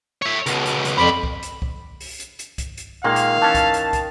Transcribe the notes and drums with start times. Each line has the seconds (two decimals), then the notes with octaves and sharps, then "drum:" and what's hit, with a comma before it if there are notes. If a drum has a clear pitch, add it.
0.22 C#5 E5
0.46 C#2 B2, drum: hi-hat
0.66 drum: hi-hat
0.85 drum: hi-hat
0.98 F2 C5 D5 B5
1.23 drum: kick
1.43 drum: hi-hat
1.62 drum: kick
2.00 drum: open hi-hat
2.20 drum: hi-hat
2.39 drum: hi-hat
2.58 drum: kick, hi-hat
2.77 drum: hi-hat
3.04 A#2 D#3 G#3 A#3 F5
3.16 drum: hi-hat
3.42 E3 C#4 A5
3.55 drum: kick, hi-hat
3.74 drum: hi-hat
3.93 drum: kick, hi-hat